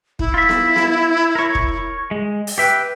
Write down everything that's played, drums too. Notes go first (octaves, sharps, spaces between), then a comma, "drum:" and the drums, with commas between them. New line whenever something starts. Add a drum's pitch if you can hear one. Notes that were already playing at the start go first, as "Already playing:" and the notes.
E4, drum: kick
F4 E5
drum: snare B3
drum: snare B3
A#4 C#5
drum: kick
G#3
drum: open hi-hat
G4 B4 E5 G5